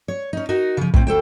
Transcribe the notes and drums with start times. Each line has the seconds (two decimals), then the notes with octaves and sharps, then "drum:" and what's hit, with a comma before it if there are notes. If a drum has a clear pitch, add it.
0.08 C#5
0.33 C#4 D#4
0.49 D#4 F#4 A#4
0.77 C#3 F3
0.94 A2 C4, drum: kick
1.07 D2 A4 C5 G5